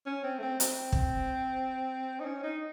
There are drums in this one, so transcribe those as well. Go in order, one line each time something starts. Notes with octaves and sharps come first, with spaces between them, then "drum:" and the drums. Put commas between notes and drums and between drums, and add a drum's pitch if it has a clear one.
C#4
C4
A3
C4
C4, drum: hi-hat
drum: kick
D#4
C#4
D#4